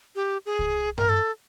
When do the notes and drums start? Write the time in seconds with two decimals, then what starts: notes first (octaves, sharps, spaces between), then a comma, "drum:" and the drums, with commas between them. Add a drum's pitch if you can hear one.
0.16 G4
0.46 G#4
0.59 drum: kick C2
0.98 A#4, drum: tom G2
1.09 A4